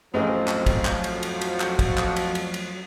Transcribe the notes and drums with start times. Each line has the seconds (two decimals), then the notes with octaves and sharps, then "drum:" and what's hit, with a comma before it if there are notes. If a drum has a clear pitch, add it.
0.14 A1 F2 F3 F#3 C4 G#4 D#5
0.48 drum: clap
0.66 drum: kick, cymbal
0.85 drum: clap
1.04 F#4, drum: cymbal
1.23 drum: cymbal
1.41 drum: cymbal
1.60 drum: clap
1.79 drum: kick, cymbal
1.98 drum: clap
2.16 drum: cymbal
2.35 drum: cymbal
2.54 drum: cymbal